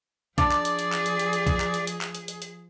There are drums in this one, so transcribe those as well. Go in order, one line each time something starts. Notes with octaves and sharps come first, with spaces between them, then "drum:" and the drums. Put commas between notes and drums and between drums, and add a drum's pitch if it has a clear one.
F3 D4 G#4 D5, drum: kick, hi-hat
drum: clap
drum: hi-hat
drum: hi-hat
drum: clap
drum: hi-hat
drum: hi-hat
drum: hi-hat
drum: kick, hi-hat
drum: clap
drum: hi-hat
drum: hi-hat
drum: clap
drum: hi-hat
drum: hi-hat
drum: hi-hat